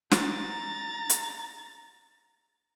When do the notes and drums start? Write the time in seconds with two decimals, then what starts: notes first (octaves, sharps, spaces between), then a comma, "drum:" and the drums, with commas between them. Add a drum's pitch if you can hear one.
0.11 A#5 A6, drum: snare
1.10 drum: hi-hat